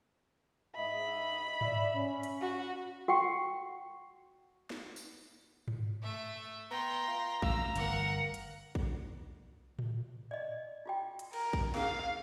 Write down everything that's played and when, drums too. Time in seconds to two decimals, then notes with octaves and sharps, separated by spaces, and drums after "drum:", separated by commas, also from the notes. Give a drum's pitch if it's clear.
0.76 G#2 D#5 E5 B5
1.61 D5 E5, drum: tom G#2
1.94 C#4
2.23 drum: hi-hat
2.41 F#4
3.08 F#4 F#5 G5 C#6
4.70 drum: snare
4.96 drum: tambourine
5.68 drum: tom G#2
6.02 A3 E5
6.71 B3 G5 A#5 C6
7.08 F4
7.42 A1 F5 E6, drum: kick
7.76 G1 A#4 F#5, drum: hi-hat
8.34 drum: hi-hat
8.75 drum: kick
9.79 drum: tom A2
10.31 D5 D#5
10.86 F4 F#4 G5
11.19 drum: hi-hat
11.33 A#4, drum: cymbal
11.53 drum: kick
11.75 C#4 G#4 A#4 F5, drum: snare